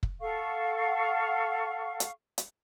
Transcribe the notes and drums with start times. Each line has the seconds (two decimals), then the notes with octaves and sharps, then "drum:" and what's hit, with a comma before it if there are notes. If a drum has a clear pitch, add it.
0.03 drum: kick
0.21 A4 F5 F#5 C#6
2.00 drum: hi-hat
2.38 drum: hi-hat